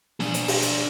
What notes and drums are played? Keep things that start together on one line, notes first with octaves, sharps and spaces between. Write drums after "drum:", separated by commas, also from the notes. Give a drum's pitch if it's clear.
D4 G#4, drum: snare
drum: hi-hat
drum: open hi-hat
drum: hi-hat